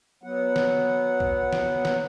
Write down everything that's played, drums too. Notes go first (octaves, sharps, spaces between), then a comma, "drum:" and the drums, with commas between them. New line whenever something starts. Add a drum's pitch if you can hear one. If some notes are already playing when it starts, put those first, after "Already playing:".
F#3 B3 F#5
drum: snare
drum: kick A#1
drum: snare
drum: snare